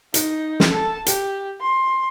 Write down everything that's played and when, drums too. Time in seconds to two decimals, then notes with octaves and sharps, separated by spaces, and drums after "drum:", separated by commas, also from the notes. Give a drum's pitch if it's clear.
0.14 D#4, drum: hi-hat
0.60 drum: snare
0.70 A4 A5
1.06 G4, drum: hi-hat
1.61 C6